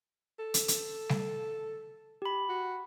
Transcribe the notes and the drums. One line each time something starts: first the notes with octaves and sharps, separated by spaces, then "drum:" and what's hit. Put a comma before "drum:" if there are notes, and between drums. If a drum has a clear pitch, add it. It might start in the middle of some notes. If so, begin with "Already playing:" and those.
A4
drum: hi-hat
drum: hi-hat
drum: snare G3
G4 B5
F#4